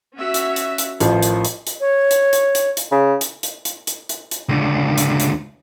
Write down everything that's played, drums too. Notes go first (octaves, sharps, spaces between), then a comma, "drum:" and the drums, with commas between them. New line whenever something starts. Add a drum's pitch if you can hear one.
C#4 F#4 E5
drum: hi-hat
drum: hi-hat
drum: hi-hat
A1 D#3 F3, drum: hi-hat
drum: hi-hat
drum: hi-hat
drum: hi-hat
C#5
drum: hi-hat
drum: hi-hat
drum: hi-hat
drum: hi-hat
C#3
drum: hi-hat
drum: hi-hat
drum: hi-hat
drum: hi-hat
drum: hi-hat
drum: hi-hat
C#2 D3
drum: hi-hat
drum: hi-hat